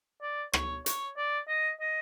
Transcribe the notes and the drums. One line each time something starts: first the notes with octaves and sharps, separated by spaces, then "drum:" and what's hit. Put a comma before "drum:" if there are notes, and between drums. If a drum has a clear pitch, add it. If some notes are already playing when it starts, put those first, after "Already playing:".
D5
C#5, drum: rim click
C#5, drum: hi-hat
D5
D#5
D#5